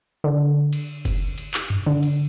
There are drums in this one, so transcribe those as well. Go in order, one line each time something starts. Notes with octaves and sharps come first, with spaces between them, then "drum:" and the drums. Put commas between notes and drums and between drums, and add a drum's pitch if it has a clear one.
D3
drum: cymbal
drum: kick F#1, cymbal
drum: cymbal
drum: clap
drum: tom F#2
D3
drum: cymbal